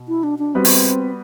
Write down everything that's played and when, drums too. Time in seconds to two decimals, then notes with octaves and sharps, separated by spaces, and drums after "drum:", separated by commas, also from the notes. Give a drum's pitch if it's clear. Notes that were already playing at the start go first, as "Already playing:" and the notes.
Already playing: B2
0.08 E4
0.23 D4
0.39 D4
0.54 G3 B3 C4 F#4 B4
0.65 drum: open hi-hat